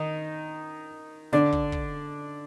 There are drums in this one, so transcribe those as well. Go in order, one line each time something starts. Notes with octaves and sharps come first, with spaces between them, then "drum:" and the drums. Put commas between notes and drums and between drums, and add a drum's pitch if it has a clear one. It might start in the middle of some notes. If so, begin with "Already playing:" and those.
Already playing: D#3 D#4
D3 D4, drum: snare
drum: kick
drum: kick